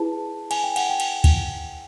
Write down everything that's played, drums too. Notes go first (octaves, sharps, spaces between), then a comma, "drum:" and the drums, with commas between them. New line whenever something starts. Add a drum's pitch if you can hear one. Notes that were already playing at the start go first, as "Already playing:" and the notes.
Already playing: E4 G#4 B4 A5
G#5, drum: cymbal
G5
F#5, drum: cymbal
G5
drum: cymbal
drum: kick, cymbal